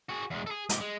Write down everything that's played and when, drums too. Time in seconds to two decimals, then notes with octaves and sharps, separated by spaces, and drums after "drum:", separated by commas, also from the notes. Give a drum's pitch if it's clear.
0.09 F#4 G#4
0.31 E2 G#3
0.47 G#4 A4
0.69 G#2 G4, drum: hi-hat
0.81 G#3